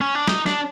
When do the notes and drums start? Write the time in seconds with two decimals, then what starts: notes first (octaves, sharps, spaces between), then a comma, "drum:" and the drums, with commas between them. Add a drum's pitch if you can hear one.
0.01 C#4
0.15 D4
0.28 D#4, drum: snare
0.46 D4, drum: snare